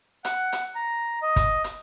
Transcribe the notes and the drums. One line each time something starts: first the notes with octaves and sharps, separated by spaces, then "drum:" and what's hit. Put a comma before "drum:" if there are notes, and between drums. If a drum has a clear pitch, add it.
F#5, drum: hi-hat
drum: hi-hat
A#5
D#5
drum: kick, hi-hat
drum: hi-hat